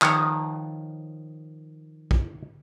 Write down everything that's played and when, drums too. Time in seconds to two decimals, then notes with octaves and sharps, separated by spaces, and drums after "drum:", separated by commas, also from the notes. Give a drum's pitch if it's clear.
0.02 D#3 F3 C#5, drum: clap
2.11 drum: kick A#1